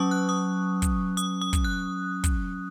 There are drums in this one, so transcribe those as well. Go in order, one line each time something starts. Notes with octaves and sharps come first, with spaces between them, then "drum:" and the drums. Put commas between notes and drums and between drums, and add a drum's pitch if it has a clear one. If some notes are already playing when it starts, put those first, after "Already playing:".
Already playing: F#3 C#4 C#6 D#6
F#6
D#6
drum: kick, hi-hat
D#6, drum: hi-hat
D#6
drum: kick, hi-hat
F#6
drum: kick, hi-hat